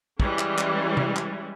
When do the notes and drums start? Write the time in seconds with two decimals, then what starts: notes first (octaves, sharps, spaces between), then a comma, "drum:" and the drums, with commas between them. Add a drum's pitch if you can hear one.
0.20 E3 G3 G#3 C#4, drum: kick
0.39 drum: clap
0.58 drum: clap
0.97 drum: tom C3
1.16 drum: clap